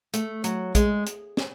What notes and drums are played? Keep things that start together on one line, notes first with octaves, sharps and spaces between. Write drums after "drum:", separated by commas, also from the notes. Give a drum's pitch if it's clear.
A3, drum: hi-hat
F#3, drum: hi-hat
G#3, drum: kick, hi-hat
drum: hi-hat
drum: snare